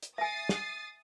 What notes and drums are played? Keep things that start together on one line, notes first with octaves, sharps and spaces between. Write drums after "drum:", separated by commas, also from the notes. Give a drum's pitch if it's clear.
drum: hi-hat
E5 G#5 D#6 A6 C7
drum: snare